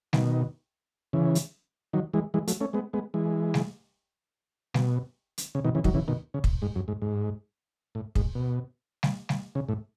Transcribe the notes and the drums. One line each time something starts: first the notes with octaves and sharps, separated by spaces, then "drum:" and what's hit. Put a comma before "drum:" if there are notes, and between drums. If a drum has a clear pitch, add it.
B2 D#3, drum: snare G3
C#3 E3
drum: hi-hat
D#3 F#3
E3 G#3
E3 G#3
F#3 A3, drum: hi-hat
A3 C#4
G#3 B3
G#3 B3
E3 G#3
drum: snare G3
B2, drum: snare G3
drum: hi-hat
C#3
B2 D#3
C#3 E3
D#3 F#3, drum: kick
C#3 E3
B2 D#3
C#3
drum: kick
G#2
F#2
G#2
G#2
A2
G#2, drum: kick
B2
drum: snare G3
drum: snare G3
C#3
A2